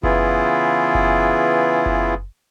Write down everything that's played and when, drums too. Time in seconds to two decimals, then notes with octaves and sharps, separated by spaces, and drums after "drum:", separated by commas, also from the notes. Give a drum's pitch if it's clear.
0.03 C#3 E3 B3 E4 F4 G#4, drum: kick F#1
0.95 drum: kick F#1
1.86 drum: kick F#1